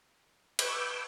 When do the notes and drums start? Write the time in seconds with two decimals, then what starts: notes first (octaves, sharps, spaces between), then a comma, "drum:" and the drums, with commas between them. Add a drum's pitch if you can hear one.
0.59 B4 C#6 D6 E6 G6, drum: cymbal